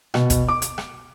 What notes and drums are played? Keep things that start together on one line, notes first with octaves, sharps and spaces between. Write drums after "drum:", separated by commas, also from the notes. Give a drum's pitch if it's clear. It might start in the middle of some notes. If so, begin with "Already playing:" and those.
B2, drum: rim click
drum: kick, hi-hat
D6
drum: hi-hat
drum: rim click